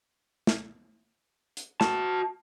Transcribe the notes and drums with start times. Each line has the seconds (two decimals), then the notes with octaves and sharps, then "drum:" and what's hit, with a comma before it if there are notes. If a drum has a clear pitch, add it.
0.47 drum: snare
1.57 drum: hi-hat
1.81 F#4 A5, drum: snare